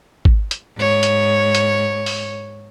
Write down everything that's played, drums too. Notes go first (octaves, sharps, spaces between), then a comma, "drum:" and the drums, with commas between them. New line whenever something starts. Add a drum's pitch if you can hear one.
drum: kick G#1
drum: hi-hat
G#2 C#5
drum: hi-hat
drum: hi-hat
drum: open hi-hat